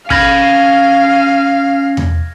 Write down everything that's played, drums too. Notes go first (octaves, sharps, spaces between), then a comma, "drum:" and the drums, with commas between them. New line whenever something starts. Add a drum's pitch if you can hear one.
C#4 F5 B5 F6 G#6 A#6, drum: kick
drum: tom E2